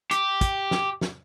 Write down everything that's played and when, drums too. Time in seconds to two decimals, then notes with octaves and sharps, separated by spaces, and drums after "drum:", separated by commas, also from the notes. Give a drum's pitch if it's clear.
0.11 G4, drum: hi-hat
0.41 drum: kick, hi-hat
0.71 drum: snare
1.01 drum: snare